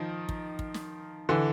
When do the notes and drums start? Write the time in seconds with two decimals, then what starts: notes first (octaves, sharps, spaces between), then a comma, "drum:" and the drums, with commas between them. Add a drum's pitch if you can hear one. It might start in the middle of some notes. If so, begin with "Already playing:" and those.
Already playing: D#3 F3
0.29 drum: kick
0.59 drum: kick
0.74 drum: snare
1.29 D3 E3